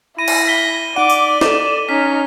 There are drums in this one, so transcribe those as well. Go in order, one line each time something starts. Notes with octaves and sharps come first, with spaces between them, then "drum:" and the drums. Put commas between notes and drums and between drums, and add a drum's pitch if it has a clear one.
E4 B5 A#6 D#7
drum: cymbal
B6 G7
D#4 D5 F#5 D6 D#7
drum: tambourine
A4 D#5 E7, drum: snare
C#4 D#4 F6 B6